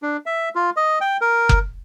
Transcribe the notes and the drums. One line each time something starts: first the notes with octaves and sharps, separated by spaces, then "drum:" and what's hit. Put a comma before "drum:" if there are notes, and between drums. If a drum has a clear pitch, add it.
D4
E5
F4
D#5
G5
A#4
drum: kick F#1